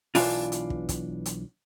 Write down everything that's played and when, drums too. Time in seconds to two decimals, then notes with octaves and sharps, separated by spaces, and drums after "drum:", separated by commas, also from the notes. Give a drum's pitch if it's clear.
0.15 B1 E3 D4 F4, drum: open hi-hat
0.52 drum: hi-hat
0.70 drum: kick
0.89 drum: kick, hi-hat
1.26 drum: hi-hat